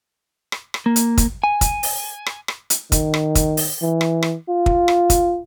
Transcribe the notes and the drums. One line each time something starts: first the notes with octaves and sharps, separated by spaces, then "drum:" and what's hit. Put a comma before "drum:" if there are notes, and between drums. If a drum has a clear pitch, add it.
drum: rim click
drum: rim click
A#3
drum: hi-hat
drum: kick, hi-hat
G#5
drum: kick, hi-hat
drum: open hi-hat
drum: rim click
drum: rim click
drum: hi-hat
D#3, drum: kick, hi-hat
drum: rim click
drum: kick, hi-hat
drum: open hi-hat
E3
drum: rim click
drum: rim click
F4
drum: kick
drum: rim click
drum: kick, hi-hat